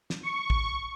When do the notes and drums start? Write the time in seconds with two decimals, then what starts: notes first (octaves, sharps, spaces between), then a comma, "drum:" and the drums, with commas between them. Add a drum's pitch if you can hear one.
0.10 drum: snare
0.23 C#6
0.50 drum: kick